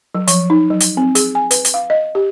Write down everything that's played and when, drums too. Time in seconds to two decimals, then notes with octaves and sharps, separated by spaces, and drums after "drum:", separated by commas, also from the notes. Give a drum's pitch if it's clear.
0.15 F#3
0.27 F3, drum: hi-hat
0.50 D#4
0.70 F#3
0.80 drum: hi-hat
0.97 C4
1.15 G#4, drum: hi-hat
1.35 G#5
1.51 B4, drum: hi-hat
1.65 drum: hi-hat
1.74 F5
1.90 D#5
2.15 G4